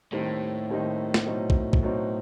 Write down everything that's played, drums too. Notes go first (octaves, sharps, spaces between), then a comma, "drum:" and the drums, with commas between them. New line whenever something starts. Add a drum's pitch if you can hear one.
D#2 A2 D#3 G3 C4 D#4
D#2 D#3 G3 C4 D#4
drum: snare
B2 F#3 C4 D#4
drum: kick
drum: kick
B2 F#3 C4 D#4